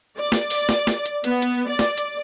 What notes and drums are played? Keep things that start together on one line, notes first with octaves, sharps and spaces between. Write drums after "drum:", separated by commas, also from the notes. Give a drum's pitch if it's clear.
D5
drum: snare
drum: open hi-hat
drum: snare
drum: snare
drum: hi-hat
B3, drum: hi-hat
drum: hi-hat
D5
drum: snare
drum: hi-hat